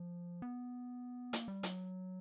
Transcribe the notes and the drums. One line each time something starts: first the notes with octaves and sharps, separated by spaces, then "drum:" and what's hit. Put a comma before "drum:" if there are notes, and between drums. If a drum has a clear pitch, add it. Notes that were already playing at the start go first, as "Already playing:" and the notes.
Already playing: F3
B3
A#3, drum: hi-hat
G3
F#3, drum: hi-hat